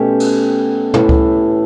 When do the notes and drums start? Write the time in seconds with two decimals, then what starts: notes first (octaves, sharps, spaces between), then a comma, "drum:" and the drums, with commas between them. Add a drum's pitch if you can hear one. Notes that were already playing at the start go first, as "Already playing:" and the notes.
Already playing: B2 A3 C#4 G4
0.20 drum: cymbal
0.94 A2 E3 A3, drum: tom
1.09 drum: kick C#2